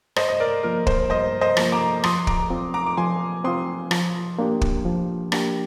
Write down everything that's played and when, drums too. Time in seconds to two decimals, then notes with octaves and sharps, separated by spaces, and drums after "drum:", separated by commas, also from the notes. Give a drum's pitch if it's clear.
0.16 G2 C5 D#5, drum: rim click
0.28 D#5
0.40 A#4 D5
0.63 F3 A#3 F4 A#4
0.87 C5, drum: kick
1.10 G2 C5 D#5
1.41 C5 D#5
1.57 F3 A#3 F4, drum: rim click
1.72 A#5 D6
2.04 F3 C6 D#6, drum: rim click
2.27 A#5 D6, drum: kick
2.50 C4 F4
2.74 A#5 D6
2.86 D6
2.97 F3 G#5 C6
3.44 C4 F4 C6 D#6
3.91 F3, drum: rim click
4.39 A#3 D4 G4
4.61 drum: kick
4.85 F3
5.32 A#3 D4 G4, drum: rim click